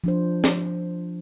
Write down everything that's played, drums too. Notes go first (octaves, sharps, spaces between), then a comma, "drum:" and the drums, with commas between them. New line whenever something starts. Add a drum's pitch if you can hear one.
F3 D4 C5
drum: snare